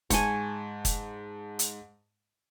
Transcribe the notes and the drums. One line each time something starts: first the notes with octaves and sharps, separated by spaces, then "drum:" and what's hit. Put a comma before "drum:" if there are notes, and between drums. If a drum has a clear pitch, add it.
G#2 G#5 A5 C#6, drum: kick, hi-hat
drum: kick, hi-hat
drum: hi-hat